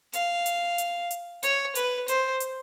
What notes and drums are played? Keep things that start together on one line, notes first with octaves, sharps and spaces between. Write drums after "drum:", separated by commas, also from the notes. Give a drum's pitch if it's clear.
F5, drum: hi-hat
drum: hi-hat
drum: hi-hat
drum: hi-hat
C#5, drum: hi-hat
B4, drum: hi-hat
C5, drum: hi-hat
drum: hi-hat